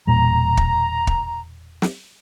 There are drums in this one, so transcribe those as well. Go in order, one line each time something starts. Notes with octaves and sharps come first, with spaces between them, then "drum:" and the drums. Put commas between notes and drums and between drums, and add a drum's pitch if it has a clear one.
E1 A#2 G3 A#5
drum: kick
drum: kick
drum: snare